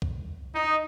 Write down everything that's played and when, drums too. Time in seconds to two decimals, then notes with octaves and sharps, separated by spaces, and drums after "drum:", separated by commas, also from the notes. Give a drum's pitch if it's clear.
0.02 drum: kick C2
0.55 D#4